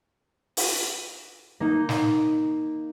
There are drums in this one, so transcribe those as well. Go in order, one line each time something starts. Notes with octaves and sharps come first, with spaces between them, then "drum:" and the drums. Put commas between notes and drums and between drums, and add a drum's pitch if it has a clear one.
drum: open hi-hat
A#3 D#4
drum: snare